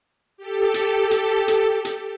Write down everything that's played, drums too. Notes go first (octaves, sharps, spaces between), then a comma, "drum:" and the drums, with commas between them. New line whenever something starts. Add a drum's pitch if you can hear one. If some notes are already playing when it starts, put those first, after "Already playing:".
G4 A4
drum: hi-hat
drum: hi-hat
drum: hi-hat
drum: hi-hat